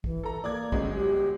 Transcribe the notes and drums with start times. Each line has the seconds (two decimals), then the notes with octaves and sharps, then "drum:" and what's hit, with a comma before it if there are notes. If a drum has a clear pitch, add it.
0.04 E3, drum: kick
0.24 A4 A#5
0.44 A#3 D5 D6 G#6
0.72 G1 F#3 G#3 C#4, drum: kick
0.93 G4